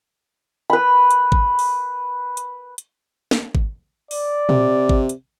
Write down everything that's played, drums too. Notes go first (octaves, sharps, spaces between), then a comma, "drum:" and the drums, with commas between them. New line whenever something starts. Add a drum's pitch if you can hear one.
B4 B5
drum: hi-hat
drum: kick G#1
drum: open hi-hat
drum: hi-hat
drum: hi-hat
drum: snare
drum: kick G#1
D5, drum: open hi-hat
C3, drum: tom A#2
drum: kick G#1
drum: hi-hat